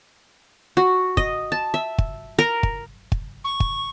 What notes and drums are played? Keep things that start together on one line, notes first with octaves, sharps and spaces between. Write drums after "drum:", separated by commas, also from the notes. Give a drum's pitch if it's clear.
F#4
D#5, drum: kick
A5
E5
drum: kick
A#4
drum: kick
drum: kick
C#6
drum: kick